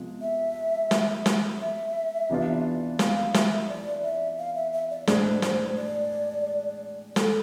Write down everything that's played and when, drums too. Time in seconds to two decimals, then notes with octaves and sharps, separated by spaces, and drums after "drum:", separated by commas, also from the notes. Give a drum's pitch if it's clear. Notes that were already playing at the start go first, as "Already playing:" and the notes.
Already playing: C3 F3 G#3 B3
0.22 E5
0.91 drum: snare
1.26 drum: snare
1.61 E5
2.30 C3 E3 B3 D4 F4
2.99 F5, drum: snare
3.34 E5, drum: snare
3.69 D5
4.03 E5
4.39 F5
4.55 E5
4.72 E5
4.91 D5
5.07 A2 G#3 D4 G#4 C5, drum: snare
5.42 C5, drum: snare
5.77 D5
7.16 A4, drum: snare